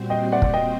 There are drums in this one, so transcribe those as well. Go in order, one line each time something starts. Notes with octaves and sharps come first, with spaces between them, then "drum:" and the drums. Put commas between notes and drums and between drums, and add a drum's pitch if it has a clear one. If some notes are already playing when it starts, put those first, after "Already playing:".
Already playing: A#2 G3 C4 F#4 C5
D#5 G5
D5 F#5
drum: kick
D#5 G5